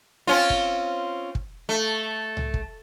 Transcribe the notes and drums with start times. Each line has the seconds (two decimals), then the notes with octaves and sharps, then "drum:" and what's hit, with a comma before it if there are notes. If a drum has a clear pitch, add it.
0.27 C4 C#4 F4
0.50 drum: kick
1.35 drum: kick
1.69 A3
2.37 drum: tom C2
2.54 drum: kick